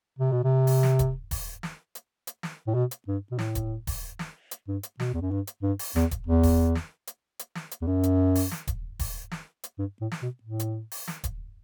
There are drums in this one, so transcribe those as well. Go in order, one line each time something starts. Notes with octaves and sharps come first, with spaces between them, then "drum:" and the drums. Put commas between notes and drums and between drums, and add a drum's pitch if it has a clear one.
C3
B2
C3
drum: open hi-hat
drum: snare
drum: kick D#1, hi-hat
drum: kick D#1, open hi-hat
drum: snare
drum: hi-hat
drum: hi-hat
drum: snare
A2
B2
drum: hi-hat
G2
B2
A2, drum: snare
drum: kick D#1, hi-hat
drum: kick D#1, open hi-hat
drum: snare
drum: hi-hat
G2
drum: hi-hat
B2, drum: snare
E2
F#2
G2
drum: hi-hat
G2
drum: open hi-hat
E2, drum: snare
drum: kick D#1, hi-hat
E2
drum: kick D#1, open hi-hat
drum: snare
drum: hi-hat
drum: hi-hat
drum: snare
drum: hi-hat
E2
F#2
drum: hi-hat
drum: open hi-hat
drum: snare
drum: kick D#1, hi-hat
drum: kick D#1, open hi-hat
drum: snare
drum: hi-hat
G2
A2
drum: snare
B2
A2
drum: hi-hat
drum: open hi-hat
drum: snare
drum: kick D#1, hi-hat